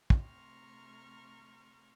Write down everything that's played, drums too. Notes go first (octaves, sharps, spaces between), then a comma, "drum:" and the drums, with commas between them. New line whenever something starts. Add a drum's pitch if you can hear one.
drum: kick
C3 A3 A#5 C6 C#6 F6